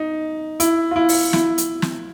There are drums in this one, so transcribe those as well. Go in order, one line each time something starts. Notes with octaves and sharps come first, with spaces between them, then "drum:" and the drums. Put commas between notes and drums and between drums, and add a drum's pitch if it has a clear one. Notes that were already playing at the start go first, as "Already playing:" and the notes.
Already playing: D#4
E4, drum: hi-hat
F4
E4
drum: open hi-hat
E4, drum: snare
drum: hi-hat
drum: snare